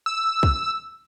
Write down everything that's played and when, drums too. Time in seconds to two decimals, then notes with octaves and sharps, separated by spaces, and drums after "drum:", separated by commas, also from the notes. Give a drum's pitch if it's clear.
0.06 E6
0.43 drum: kick